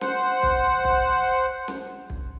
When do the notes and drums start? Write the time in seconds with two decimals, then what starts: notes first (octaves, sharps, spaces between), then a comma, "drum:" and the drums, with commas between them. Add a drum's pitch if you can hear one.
0.01 C5 F#5, drum: snare
0.43 drum: kick
0.85 drum: kick
1.68 drum: snare
2.10 drum: kick